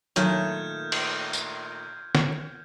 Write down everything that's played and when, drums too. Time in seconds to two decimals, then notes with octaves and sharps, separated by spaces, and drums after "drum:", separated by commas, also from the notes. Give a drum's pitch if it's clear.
0.16 A#2 D#3 F#3 A3 F6 G6 G#6, drum: hi-hat
0.92 drum: cymbal
1.33 drum: tambourine
2.15 drum: snare